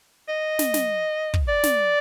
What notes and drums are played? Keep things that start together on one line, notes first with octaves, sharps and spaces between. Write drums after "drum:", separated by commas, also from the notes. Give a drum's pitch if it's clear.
D#5
drum: snare
drum: snare
drum: kick
D5
drum: snare